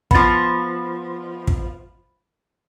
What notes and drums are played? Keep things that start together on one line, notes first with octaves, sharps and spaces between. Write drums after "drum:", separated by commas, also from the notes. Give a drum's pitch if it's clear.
F3 B3 B5 A6, drum: kick
drum: kick